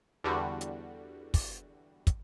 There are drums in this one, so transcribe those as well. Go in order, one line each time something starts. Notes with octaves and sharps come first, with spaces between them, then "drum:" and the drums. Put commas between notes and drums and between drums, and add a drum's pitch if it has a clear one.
E2 D3 G3 F#4
drum: hi-hat
drum: kick, open hi-hat
drum: kick, hi-hat